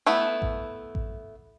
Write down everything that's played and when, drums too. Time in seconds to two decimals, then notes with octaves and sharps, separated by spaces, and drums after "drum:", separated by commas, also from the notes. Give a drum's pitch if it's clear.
0.06 A3 B3 E4
0.42 drum: kick A1
0.95 drum: kick A1